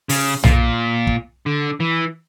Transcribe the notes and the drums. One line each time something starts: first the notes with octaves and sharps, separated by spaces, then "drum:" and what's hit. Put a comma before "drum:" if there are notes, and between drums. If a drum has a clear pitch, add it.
C#3, drum: open hi-hat
A#2, drum: tom B1
drum: kick
D3
E3